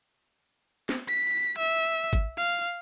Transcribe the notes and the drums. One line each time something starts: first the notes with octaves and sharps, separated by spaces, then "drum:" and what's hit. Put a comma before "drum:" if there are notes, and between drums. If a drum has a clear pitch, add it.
drum: snare
B6
E5
drum: kick
F5